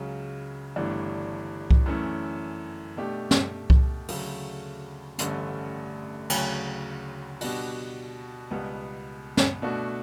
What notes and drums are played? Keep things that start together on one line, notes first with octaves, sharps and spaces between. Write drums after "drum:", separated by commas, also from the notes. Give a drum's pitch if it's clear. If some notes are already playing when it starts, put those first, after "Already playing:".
Already playing: C#2 C#3 F#3 C#4
G1 G2 E3 A3 D4
drum: kick C2
F#2 E3 A3 C#4
B2 A3 D4 G4
drum: snare
drum: kick C2
D2 C#3 F#3 A3, drum: open hi-hat
A1 G2 D3 A3 C#4, drum: hi-hat
D2 C#3 F#3, drum: cymbal
B2 G3 D4 F#4, drum: open hi-hat
C#2 B2 G3 B3
drum: snare
B2 A3 D4 F#4